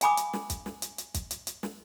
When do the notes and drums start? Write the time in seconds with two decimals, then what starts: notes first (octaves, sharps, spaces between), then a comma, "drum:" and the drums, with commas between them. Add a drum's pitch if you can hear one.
0.01 F5 G5 G#5 B5 D6 D#6, drum: hi-hat
0.17 drum: hi-hat
0.33 drum: snare
0.50 drum: kick, hi-hat
0.66 drum: snare
0.82 drum: hi-hat
0.98 drum: hi-hat
1.14 drum: kick, hi-hat
1.31 drum: hi-hat
1.47 drum: hi-hat
1.63 drum: snare